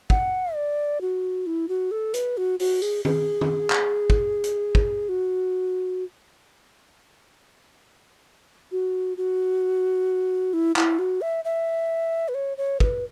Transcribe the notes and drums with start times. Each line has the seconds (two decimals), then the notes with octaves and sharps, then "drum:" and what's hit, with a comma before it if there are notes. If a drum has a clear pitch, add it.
0.10 F#5, drum: kick
0.55 D5
1.01 F#4
1.47 E4
1.69 F#4
1.91 A4
2.14 B4, drum: hi-hat
2.37 F#4
2.60 F#4, drum: open hi-hat
2.82 G#4, drum: tambourine
3.05 G#4, drum: tom
3.41 drum: tom
3.70 drum: clap
4.10 drum: kick
4.44 drum: hi-hat
4.75 drum: kick
5.09 F#4
8.72 F#4
9.17 F#4
10.53 E4
10.76 E4, drum: clap
10.99 F#4
11.21 E5
11.45 E5
12.28 B4
12.34 C#5
12.57 C#5
12.80 B4, drum: kick